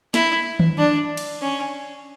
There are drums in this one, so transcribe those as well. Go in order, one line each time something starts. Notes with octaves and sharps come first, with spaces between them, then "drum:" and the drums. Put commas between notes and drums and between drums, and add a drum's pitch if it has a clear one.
E4, drum: snare
drum: tom D#3
D4
drum: cymbal
C#4